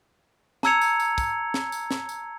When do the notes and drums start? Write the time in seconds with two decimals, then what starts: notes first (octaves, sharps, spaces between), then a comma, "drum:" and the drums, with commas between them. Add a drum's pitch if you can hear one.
0.63 A5 A#5 E6 G#6 C#7 F7, drum: snare
0.81 drum: tambourine
1.00 drum: tambourine
1.18 drum: kick, tambourine
1.54 drum: snare
1.72 drum: tambourine
1.91 drum: snare
2.09 drum: tambourine